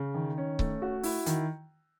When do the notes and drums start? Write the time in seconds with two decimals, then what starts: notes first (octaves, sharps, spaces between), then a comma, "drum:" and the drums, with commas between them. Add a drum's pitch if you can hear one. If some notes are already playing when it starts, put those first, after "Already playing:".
Already playing: C#3
0.14 D#3
0.38 C#4
0.59 A3, drum: kick C#1
0.82 F#4
1.03 E4, drum: open hi-hat
1.26 D#3, drum: hi-hat